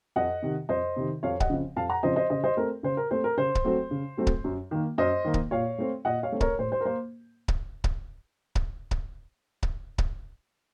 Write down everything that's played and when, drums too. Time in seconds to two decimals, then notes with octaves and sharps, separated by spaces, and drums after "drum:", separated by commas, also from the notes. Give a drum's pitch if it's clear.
0.16 F2 D#5 F#5
0.42 C3 D#3
0.69 F2 C5 D#5
0.96 C3 D#3
1.23 F2 C#5 F5
1.40 D#5 F#5, drum: kick C#1
1.50 C#3 F3 C4
1.76 F2 F5 A5
1.89 F#5 A#5
2.03 C#3 F3 C4 C5 D#5
2.16 C5 D#5
2.30 C#3 C5 D#5
2.44 C5 D#5
2.57 A3 C4 A#4
2.83 C#3 C5
2.97 A#4
3.11 A3 C4 C5
3.24 A#4
3.37 C#3 C5
3.55 drum: kick C#1
3.64 F#3 A3 C4
3.91 C#3
4.17 F#3 A3 C4
4.27 drum: kick C#1
4.44 F#2
4.71 D#3 A#3
4.98 F#2 C5 D#5
5.25 D#3 A#3
5.34 drum: kick C#1
5.51 A#2 C#5 F5
5.78 A3 C4
6.05 A#2 D#5 F#5
6.23 C#5 F5
6.32 A3 C4
6.41 A#4 C#5, drum: kick C#1
6.59 A2 C5
6.72 C5
6.80 A#4
6.85 A#3 C5
7.48 drum: kick C#1
7.84 drum: kick C#1
8.55 drum: kick C#1
8.91 drum: kick C#1
9.63 drum: kick C#1
9.98 drum: kick C#1